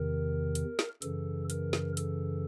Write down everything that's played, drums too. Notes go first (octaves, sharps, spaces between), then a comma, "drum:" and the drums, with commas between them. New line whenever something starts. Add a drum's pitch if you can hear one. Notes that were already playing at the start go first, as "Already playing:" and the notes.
Already playing: E2 C3 D#3 A#4
drum: hi-hat
drum: snare
F#2 C#3 E3 A4, drum: hi-hat
A#4, drum: hi-hat
drum: snare
A4, drum: hi-hat